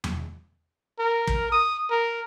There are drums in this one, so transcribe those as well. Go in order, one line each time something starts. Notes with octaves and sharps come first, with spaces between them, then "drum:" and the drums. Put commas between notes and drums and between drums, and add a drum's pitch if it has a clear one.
drum: tom E2
A#4
drum: kick
D#6
A#4